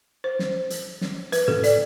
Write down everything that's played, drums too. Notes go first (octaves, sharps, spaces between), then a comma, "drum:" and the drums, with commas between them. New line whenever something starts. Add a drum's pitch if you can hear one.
C5
drum: snare
drum: hi-hat
drum: snare
B4, drum: hi-hat
A4, drum: tom
D5, drum: hi-hat